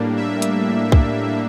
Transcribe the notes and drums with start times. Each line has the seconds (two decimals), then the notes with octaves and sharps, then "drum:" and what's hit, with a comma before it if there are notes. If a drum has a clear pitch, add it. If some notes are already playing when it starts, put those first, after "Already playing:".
Already playing: A2 G3 A#3 D4
0.17 E5
0.42 drum: hi-hat
0.92 drum: kick C2